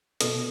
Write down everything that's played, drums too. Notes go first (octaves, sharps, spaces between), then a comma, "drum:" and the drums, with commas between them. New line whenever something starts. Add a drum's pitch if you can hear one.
B2 A4, drum: hi-hat